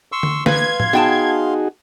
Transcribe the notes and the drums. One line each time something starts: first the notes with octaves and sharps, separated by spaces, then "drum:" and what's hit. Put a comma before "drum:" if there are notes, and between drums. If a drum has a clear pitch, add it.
C6 C#6 E6
drum: tom D3
B4 F5 C6 G#6, drum: snare
drum: tom A2
B3 D#4 F#4 G#4 G5 A5